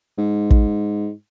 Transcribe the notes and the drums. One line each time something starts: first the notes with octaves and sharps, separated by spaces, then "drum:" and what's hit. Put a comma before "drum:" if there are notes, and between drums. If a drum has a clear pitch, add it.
G#2
drum: kick